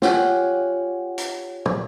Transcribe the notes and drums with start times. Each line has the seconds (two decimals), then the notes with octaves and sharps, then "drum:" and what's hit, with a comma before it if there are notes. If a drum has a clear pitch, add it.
0.02 F4 G4 C#5 F#5 G#5, drum: snare
1.18 drum: hi-hat
1.66 drum: tom